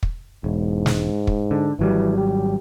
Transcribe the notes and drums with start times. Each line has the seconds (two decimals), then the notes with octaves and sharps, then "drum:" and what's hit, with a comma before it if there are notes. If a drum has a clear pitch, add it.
0.03 drum: kick
0.44 E1 G#2
0.86 drum: snare
1.27 drum: kick
1.51 D3
1.79 G#1 E3 F#3 G3
2.17 G4